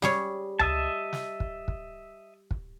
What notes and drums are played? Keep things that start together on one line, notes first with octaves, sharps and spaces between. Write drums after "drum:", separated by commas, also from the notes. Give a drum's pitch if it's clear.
G3 G#4 C#5, drum: snare
D#5 E5 A5, drum: tom C#2
drum: snare
drum: kick
drum: kick
drum: kick